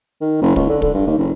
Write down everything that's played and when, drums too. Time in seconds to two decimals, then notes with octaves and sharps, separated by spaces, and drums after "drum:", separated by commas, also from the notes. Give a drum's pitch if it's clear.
0.21 D#3
0.41 F#1
0.56 C#2, drum: kick
0.69 D3
0.82 D3, drum: kick
0.94 G2
1.06 D#2
1.18 F#1